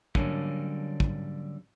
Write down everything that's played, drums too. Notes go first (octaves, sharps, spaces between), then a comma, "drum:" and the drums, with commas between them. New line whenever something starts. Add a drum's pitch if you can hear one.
D3 F#3 G3 A#3 C#4, drum: kick
drum: kick